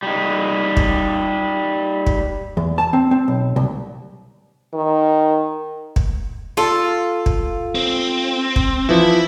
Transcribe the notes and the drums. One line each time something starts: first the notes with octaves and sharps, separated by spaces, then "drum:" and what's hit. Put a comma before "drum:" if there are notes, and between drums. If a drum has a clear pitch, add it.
G3 D#4
drum: kick
drum: kick
E2
A5
C4
C4
B1
C2
D#3
drum: kick
F4 A4
drum: kick
C4
drum: kick
E3 F3 E4